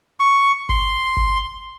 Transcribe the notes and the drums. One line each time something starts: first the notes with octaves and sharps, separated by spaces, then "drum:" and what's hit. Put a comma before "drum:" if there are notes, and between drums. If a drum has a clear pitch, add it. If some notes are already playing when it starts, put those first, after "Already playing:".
C#6
C6, drum: kick G1
drum: kick G1